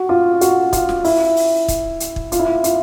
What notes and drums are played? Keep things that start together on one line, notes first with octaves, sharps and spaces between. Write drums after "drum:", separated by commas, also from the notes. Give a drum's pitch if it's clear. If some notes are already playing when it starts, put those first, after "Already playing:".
Already playing: F#4
F4
F#4, drum: hi-hat
F4, drum: kick, hi-hat
drum: snare
E4, drum: open hi-hat
drum: open hi-hat
drum: kick, hi-hat
drum: hi-hat
drum: kick
F4, drum: hi-hat
E4
F4
F4, drum: hi-hat